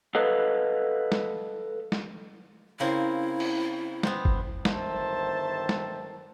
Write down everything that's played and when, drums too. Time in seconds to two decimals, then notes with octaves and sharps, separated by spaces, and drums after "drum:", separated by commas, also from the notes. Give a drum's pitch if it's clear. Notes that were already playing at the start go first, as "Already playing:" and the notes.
0.15 A4 B4 D#5 F5 F#5
1.12 drum: snare
1.92 drum: snare
2.80 C#3 A#3 C4 E4
3.40 drum: cymbal
4.03 B3 C4, drum: snare
4.25 drum: kick
4.65 G1 D#3 C5 E5 A5, drum: snare
5.69 drum: snare